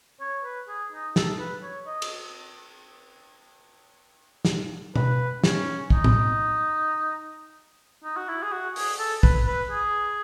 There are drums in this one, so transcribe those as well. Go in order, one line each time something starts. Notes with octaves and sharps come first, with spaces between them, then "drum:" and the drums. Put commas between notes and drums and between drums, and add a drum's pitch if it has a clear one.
C#5
B4
G#4
D#4
A4, drum: snare
B4
C#5
D#5
drum: cymbal
drum: snare
B4, drum: tom B2
C#4, drum: snare
D#4, drum: kick
drum: tom A2
D#4
F#4
E4
G#4
F#4
G#4, drum: open hi-hat
A4
B4, drum: kick
B4
G#4